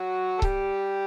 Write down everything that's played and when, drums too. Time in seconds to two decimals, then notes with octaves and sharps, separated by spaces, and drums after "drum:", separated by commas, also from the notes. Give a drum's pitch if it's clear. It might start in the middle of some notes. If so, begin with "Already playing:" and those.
Already playing: F#3 F#4
0.38 A4
0.42 G3 G4, drum: kick C#1